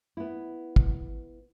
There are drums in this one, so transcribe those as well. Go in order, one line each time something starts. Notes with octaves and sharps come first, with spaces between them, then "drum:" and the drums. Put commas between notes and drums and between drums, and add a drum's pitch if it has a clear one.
B3 E4
drum: kick